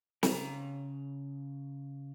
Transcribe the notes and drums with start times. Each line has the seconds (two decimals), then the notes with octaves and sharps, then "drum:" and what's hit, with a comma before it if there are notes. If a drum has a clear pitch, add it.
0.23 C#3 A#5, drum: snare